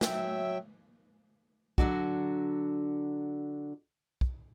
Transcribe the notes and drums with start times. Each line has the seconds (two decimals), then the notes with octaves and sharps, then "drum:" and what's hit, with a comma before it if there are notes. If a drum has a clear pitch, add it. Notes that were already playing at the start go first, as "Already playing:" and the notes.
0.01 F#3 E5 G5, drum: snare
1.78 D3 F#3 D4 F#4, drum: kick
4.21 drum: kick